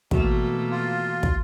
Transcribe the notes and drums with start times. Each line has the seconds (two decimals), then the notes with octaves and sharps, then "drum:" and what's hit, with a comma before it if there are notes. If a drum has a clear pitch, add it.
0.11 B2 E3 A3 A#3 F#4, drum: kick
0.71 F4
1.23 drum: kick